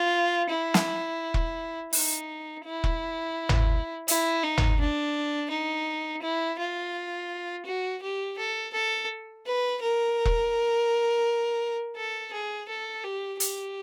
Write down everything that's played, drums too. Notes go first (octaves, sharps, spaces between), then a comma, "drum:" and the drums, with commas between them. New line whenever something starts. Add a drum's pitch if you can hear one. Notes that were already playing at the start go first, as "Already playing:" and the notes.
Already playing: F4
E4
drum: snare
drum: kick E1
D#4, drum: open hi-hat
E4
drum: kick E1
drum: tom
E4, drum: hi-hat
D#4
drum: tom
D4
D#4
E4
F4
F#4
G4
A4
A4
B4
A#4
drum: kick E1
A4
G#4
A4
G4
G4, drum: hi-hat